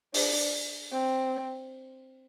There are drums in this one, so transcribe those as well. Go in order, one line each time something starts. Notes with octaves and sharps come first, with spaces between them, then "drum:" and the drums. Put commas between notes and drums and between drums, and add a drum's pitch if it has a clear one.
D4, drum: open hi-hat
C4